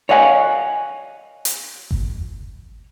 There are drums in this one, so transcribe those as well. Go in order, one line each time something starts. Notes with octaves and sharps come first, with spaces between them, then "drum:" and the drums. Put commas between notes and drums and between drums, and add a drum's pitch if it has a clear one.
C#5 D#5 F5 F#5 G#5
drum: hi-hat
drum: kick G1